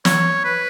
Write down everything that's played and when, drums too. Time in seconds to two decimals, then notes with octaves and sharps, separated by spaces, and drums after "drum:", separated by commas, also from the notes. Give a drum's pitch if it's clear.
0.05 C#5, drum: snare
0.44 B4